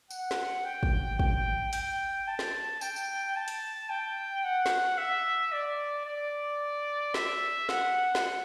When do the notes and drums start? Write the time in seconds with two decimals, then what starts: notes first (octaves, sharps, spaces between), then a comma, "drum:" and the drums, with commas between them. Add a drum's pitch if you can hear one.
0.10 F#5, drum: tambourine
0.31 drum: snare
0.64 G5
0.83 drum: kick
1.19 G5, drum: kick
1.73 G5, drum: hi-hat
2.27 A5
2.39 drum: snare
2.81 G5, drum: tambourine
2.96 drum: tambourine
3.36 A5
3.48 drum: hi-hat
3.89 G5
4.44 F#5
4.66 drum: snare
4.98 E5
5.52 D5
6.05 D5
7.14 E5, drum: snare
7.69 F#5, drum: snare
8.15 drum: snare